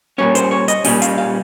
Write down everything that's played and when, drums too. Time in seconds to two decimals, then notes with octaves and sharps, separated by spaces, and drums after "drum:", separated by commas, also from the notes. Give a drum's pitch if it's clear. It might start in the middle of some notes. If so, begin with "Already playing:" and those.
0.18 A#2 G3 C#4 C#5
0.35 C5, drum: hi-hat
0.51 C#5
0.68 D#5, drum: hi-hat
0.84 A#2 G3 C#4 D#5, drum: open hi-hat
1.02 F5, drum: hi-hat
1.18 F5